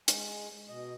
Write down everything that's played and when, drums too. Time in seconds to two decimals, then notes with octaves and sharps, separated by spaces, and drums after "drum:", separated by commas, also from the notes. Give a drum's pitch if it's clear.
0.08 G#3 G#5, drum: hi-hat
0.69 B2 D#5